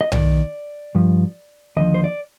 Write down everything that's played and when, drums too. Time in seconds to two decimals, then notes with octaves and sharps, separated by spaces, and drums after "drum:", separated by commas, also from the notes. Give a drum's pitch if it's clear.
0.01 D#5
0.12 D#2 D#3 D5, drum: tom B1
0.95 G2 F3
1.77 D#2 D3 F3 D#5
1.94 C5
2.04 D5